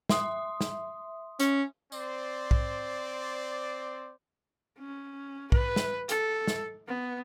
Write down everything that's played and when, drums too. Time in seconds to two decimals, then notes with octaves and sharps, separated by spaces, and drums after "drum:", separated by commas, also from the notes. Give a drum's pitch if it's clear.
0.09 E5 C6 D#6, drum: snare
0.61 drum: snare
1.40 C#4, drum: hi-hat
1.92 C4 C5 D5, drum: tambourine
2.51 drum: kick
4.79 C#4
5.52 B4, drum: kick
5.76 drum: snare
6.09 A4, drum: hi-hat
6.47 drum: snare
6.88 B3